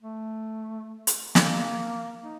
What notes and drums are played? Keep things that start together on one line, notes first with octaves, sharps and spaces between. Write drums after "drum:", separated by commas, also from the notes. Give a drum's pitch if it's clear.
A3
drum: hi-hat
A#3, drum: snare
D#4